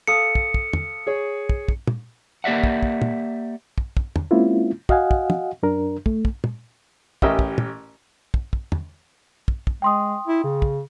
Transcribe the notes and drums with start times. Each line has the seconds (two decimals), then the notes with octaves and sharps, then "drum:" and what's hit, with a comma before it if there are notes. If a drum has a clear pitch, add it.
0.07 A4 F5 D#6 C#7
0.35 drum: kick
0.54 drum: kick
0.73 drum: tom
1.07 G#4 C#5
1.49 drum: kick
1.68 drum: kick
1.87 drum: tom
2.44 A#3 G4 D5 E5 F#5
2.64 drum: kick
2.83 drum: kick
3.02 drum: tom
3.78 drum: kick
3.97 drum: kick
4.16 drum: tom
4.31 G#3 A#3 C4 C#4 E4 F4
4.89 F#4 D#5 F5 F#5 G#5, drum: kick
5.11 drum: kick
5.30 drum: tom
5.63 F#2 D4 A#4
6.06 A3, drum: kick
6.25 drum: kick
6.44 drum: tom
7.22 A1 C#4 G4 A#4 D#5 E5, drum: kick
7.39 drum: kick
7.58 drum: tom
8.34 drum: kick
8.53 drum: kick
8.72 drum: tom
9.48 drum: kick
9.67 drum: kick
9.82 G#3 G5 C6 D#6
10.27 E4
10.44 C#3
10.62 drum: kick